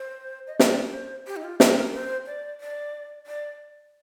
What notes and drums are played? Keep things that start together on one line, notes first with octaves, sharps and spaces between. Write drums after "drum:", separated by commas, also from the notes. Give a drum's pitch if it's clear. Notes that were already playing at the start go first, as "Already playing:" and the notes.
Already playing: C5
D#5
D5, drum: snare
A#4
C5
G4
D#4
F4
A4, drum: snare
A#4
C5
D5
D5
D5